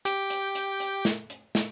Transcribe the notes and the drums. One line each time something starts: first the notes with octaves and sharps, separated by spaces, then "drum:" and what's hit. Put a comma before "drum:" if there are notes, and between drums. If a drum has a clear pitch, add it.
G4 G5, drum: hi-hat
drum: hi-hat
drum: hi-hat
drum: hi-hat
drum: snare
drum: hi-hat
drum: snare